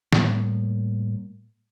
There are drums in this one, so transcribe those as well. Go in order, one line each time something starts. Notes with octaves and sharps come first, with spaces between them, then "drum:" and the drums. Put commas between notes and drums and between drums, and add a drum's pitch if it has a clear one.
A2 G3 A#3, drum: snare